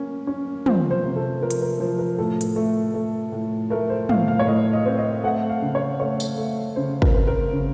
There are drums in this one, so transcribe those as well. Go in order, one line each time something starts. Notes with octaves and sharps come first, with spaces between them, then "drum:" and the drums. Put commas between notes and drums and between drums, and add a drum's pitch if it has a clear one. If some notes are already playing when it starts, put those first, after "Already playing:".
Already playing: A#3 C#4
C#4
F3 C5, drum: tom
C5
C3
A4
F3 A#4
drum: hi-hat
A#4
F3 C5
A#4
A2 A4
drum: hi-hat
A3
A3
A2
A3 A#4
C5
A2 F5, drum: tom
F5
C#5
A2 D#5
D#5
C4
D#5
A3 F#5
F5
C#3
C#5
A3 C#5
drum: tambourine
A3
C#3 C5
A#4, drum: kick
C4
A#4
C#3